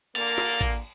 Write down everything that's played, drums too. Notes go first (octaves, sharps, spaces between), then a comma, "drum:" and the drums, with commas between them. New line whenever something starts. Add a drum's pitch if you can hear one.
A#2 D3 A#3 F6 A6, drum: cymbal
drum: snare
drum: kick, cymbal